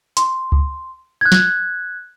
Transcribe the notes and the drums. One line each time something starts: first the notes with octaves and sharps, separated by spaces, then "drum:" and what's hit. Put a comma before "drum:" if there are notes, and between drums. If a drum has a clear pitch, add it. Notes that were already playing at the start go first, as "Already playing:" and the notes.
C6, drum: hi-hat
drum: kick C#2
F#6 G#6
drum: snare